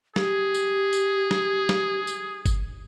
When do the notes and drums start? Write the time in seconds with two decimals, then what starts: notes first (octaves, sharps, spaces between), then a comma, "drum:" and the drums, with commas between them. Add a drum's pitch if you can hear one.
0.16 G4 G#4, drum: snare
0.54 drum: tambourine
0.93 drum: tambourine
1.31 drum: snare
1.69 drum: snare
2.07 drum: tambourine
2.46 drum: kick G1, tambourine